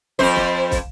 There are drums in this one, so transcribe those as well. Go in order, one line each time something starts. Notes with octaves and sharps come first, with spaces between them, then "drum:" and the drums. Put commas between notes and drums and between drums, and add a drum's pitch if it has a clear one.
F2 C5, drum: snare
drum: snare
drum: kick, hi-hat